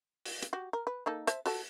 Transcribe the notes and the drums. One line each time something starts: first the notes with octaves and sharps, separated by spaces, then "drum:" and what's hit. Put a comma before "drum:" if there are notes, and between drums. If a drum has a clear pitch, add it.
drum: open hi-hat
drum: hi-hat
F#4 G4
A#4
B4
A#3 D#4 A4
C5 E5 A5, drum: hi-hat
F#4 A4 A5, drum: open hi-hat